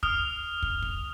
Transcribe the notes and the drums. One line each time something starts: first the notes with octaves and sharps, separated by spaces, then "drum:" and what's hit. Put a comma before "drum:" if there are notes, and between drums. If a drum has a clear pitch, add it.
D#6 F6 F7, drum: kick
drum: kick
drum: kick